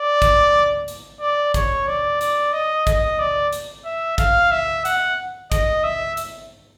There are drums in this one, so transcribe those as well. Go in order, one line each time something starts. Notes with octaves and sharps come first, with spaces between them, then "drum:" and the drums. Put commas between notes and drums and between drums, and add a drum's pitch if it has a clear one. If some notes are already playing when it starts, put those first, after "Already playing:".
Already playing: D5
drum: kick, hi-hat
drum: hi-hat
D5
C#5, drum: kick, hi-hat
D5
D5, drum: hi-hat
D#5
D#5, drum: kick, hi-hat
D5
drum: hi-hat
E5
F5, drum: kick, hi-hat
E5
F#5, drum: hi-hat
D#5, drum: kick, hi-hat
E5
drum: hi-hat